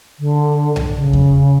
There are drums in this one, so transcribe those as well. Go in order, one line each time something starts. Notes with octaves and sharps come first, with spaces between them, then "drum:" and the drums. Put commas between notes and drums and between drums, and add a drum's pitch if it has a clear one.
D3
drum: tom B1
C#3
drum: kick E2